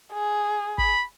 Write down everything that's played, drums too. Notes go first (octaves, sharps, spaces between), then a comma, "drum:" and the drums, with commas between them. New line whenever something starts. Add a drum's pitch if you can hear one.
G#4
B5, drum: kick